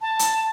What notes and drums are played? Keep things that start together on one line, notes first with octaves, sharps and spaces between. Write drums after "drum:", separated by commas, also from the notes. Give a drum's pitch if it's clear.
A5
drum: hi-hat